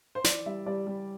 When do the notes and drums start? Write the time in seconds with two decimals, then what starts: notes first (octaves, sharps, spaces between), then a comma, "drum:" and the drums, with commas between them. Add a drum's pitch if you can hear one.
0.15 C5
0.24 E3 D5, drum: snare
0.46 G3 E5
0.66 G3 D5
0.87 G3